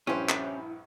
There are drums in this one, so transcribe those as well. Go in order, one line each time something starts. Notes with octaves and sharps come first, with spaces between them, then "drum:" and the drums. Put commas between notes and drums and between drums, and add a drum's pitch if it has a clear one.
A#1 G2 C#4 E4 G4 B4 C5
drum: clap